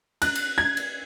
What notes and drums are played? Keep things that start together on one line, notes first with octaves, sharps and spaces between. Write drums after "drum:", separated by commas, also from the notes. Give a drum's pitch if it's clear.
F#6, drum: cymbal
drum: cymbal
G#6
drum: cymbal